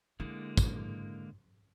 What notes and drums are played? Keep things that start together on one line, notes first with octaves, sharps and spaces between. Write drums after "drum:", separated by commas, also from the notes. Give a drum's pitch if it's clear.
D3 G#3 A#3 E4
drum: kick, tambourine